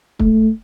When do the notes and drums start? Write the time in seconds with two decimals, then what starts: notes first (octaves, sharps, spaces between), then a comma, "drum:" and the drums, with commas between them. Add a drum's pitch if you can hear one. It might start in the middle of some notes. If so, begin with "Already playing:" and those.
0.19 A3, drum: kick